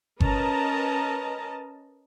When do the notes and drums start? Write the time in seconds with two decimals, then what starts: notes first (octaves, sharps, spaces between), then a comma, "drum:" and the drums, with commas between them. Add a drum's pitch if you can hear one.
0.20 C#4 A#4 B4 D#5 A5 A#5, drum: kick G1